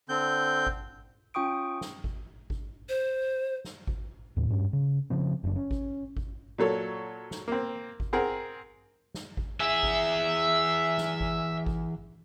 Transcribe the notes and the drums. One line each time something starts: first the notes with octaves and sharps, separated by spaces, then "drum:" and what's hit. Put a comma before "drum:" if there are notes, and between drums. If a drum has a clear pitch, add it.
D3 C4 G6
drum: kick G#1
C#4 F4 G5 C#6 D#6 D7
drum: snare
drum: kick G#1
drum: kick G#1
C5
drum: snare
drum: kick G#1
D#2 A2
G2 C#4
C#3
C#3 F3 C4
F#1 F#2 C3 D4
C#4
drum: kick G#1
drum: kick G#1
A#2 F#3 A4 C#5
drum: snare
A#3 C4
drum: kick G#1
C4 G#4 A#4 F#5
drum: snare
drum: kick G#1
E3 G#4 E5
drum: kick G#1
drum: snare
drum: kick G#1
drum: kick G#1